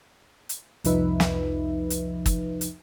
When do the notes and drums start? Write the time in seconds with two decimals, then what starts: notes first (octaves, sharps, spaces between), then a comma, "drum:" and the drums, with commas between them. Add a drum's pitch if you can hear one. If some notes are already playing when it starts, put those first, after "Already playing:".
0.49 drum: hi-hat
0.84 C2 F2 F3 D#4 B4 E5, drum: hi-hat
1.20 drum: snare
1.90 drum: hi-hat
2.26 drum: kick, hi-hat
2.61 drum: hi-hat